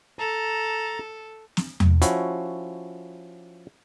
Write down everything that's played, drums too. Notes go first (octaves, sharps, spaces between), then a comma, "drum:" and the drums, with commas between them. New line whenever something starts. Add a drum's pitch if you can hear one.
A4 A5 A#5
drum: snare
drum: tom E2
F3 C#4 E4 F#4, drum: hi-hat